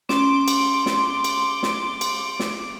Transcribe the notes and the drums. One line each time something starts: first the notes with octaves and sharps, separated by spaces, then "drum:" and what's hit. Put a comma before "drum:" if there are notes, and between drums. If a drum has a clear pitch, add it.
C#4 C6 D6, drum: snare
drum: cymbal
drum: snare
drum: cymbal
drum: snare
drum: cymbal
drum: snare